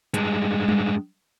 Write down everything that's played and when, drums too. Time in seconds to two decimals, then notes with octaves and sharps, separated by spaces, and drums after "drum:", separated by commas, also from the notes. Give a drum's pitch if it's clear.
0.14 G2 G#3, drum: hi-hat
0.68 drum: tom G3